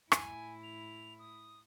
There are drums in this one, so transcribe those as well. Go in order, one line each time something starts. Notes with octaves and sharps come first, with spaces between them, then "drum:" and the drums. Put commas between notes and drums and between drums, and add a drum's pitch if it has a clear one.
A2 E4 G#5, drum: rim click
F7
D#6